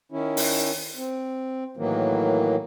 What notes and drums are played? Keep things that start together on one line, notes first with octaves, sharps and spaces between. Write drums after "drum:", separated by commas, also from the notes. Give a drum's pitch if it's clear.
D#3 C#4 E4
drum: open hi-hat
C4
A2 D#3 E3 F#3 A#3